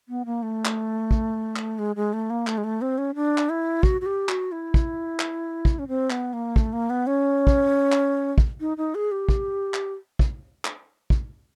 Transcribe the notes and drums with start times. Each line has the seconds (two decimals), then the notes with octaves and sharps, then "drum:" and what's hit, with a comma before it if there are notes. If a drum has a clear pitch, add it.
0.09 B3
0.26 A#3
0.43 A3
0.65 drum: clap
1.11 drum: kick
1.56 drum: clap
1.79 G#3
1.96 G#3
2.13 A3
2.30 A#3
2.47 A3, drum: clap
2.58 G#3
2.64 A3
2.82 C4
2.98 C#4
3.15 D4
3.38 drum: clap
3.50 E4
3.83 F#4, drum: kick
4.01 F#4
4.06 G4
4.29 F#4, drum: clap
4.52 E4
4.74 drum: kick
5.20 drum: clap
5.65 drum: kick
5.79 C#4
5.88 C4
6.10 B3, drum: clap
6.33 A#3
6.56 A3, drum: kick
6.73 A#3
6.90 B3
7.07 C#4
7.47 drum: kick
7.92 drum: clap
8.38 drum: kick
8.60 D#4
8.77 D#4
8.95 G#4
9.11 G4
9.29 drum: kick
9.74 drum: clap
10.19 drum: kick
10.65 drum: clap
11.10 drum: kick